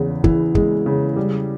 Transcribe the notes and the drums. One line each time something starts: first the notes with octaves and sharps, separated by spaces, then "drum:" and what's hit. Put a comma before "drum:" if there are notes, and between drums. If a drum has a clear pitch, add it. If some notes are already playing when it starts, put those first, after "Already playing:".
Already playing: E2 C#3
E3, drum: kick
G#3, drum: kick
C#3
G3